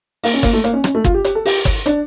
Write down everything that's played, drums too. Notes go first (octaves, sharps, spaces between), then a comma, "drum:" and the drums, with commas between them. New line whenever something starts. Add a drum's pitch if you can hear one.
A#3, drum: open hi-hat
C#4
A#3, drum: kick G1, hi-hat
A3
A#3, drum: hi-hat
C#4
C#4, drum: rim click
A3
F4, drum: kick G1
G4
G4, drum: hi-hat
A4
G4, drum: open hi-hat
drum: kick G1, hi-hat
D4, drum: hi-hat